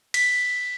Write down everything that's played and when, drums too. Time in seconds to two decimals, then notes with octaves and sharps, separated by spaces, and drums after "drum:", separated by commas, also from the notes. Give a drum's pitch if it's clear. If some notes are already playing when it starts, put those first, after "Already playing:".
0.14 B6, drum: cymbal